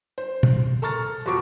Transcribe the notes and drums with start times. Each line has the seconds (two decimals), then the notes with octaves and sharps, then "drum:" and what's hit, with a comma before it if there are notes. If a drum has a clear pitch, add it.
0.18 C5
0.43 drum: tom
0.82 A4 A5 A#5 C#6 F6 A6
1.26 F2 B2 F#4 C#6 D6 D7